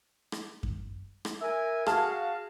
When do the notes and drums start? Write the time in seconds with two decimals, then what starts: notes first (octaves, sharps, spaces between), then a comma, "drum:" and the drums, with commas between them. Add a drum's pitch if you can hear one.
0.32 drum: rim click
0.63 drum: kick F#2
1.25 drum: rim click
1.41 A#4 E5 G#5
1.86 F#4 G#4 F5 A5 F6, drum: rim click